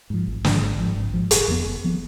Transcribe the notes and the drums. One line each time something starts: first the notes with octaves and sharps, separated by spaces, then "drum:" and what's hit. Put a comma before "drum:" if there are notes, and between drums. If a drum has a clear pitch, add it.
G#2 F3
G#1
G#2 F3, drum: snare
G#1
G#2 F3
G#1
G#2 F3
F#1, drum: hi-hat
F2 F3 B3
F#1
F3 B3